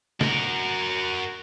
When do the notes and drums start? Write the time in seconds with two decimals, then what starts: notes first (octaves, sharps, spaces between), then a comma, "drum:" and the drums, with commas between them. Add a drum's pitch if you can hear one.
0.21 F#4 A#4, drum: snare